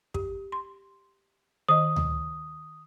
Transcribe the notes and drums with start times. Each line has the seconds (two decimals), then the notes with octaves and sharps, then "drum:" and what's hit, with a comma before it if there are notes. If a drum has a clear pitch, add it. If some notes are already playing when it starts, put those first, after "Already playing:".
0.14 G4, drum: kick
0.52 C6
1.69 D#3 D#5 D#6
1.96 drum: tom D2